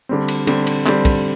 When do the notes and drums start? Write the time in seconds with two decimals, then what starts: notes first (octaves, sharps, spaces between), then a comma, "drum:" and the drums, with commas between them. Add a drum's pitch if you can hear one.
0.09 D3 G3 C4
0.28 drum: cymbal
0.47 D3 G3 C4, drum: cymbal
0.67 drum: cymbal
0.86 D3 G3 C4, drum: clap
1.05 drum: kick, cymbal